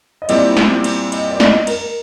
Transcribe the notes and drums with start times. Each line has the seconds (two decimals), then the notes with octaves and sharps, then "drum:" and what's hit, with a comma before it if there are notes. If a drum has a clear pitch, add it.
0.22 D#5
0.29 A#2 G3 C4 E4 G4 D5, drum: cymbal
0.57 drum: snare
0.84 drum: cymbal
1.12 D#5, drum: cymbal
1.31 D5
1.40 D#5, drum: snare
1.67 A#4, drum: cymbal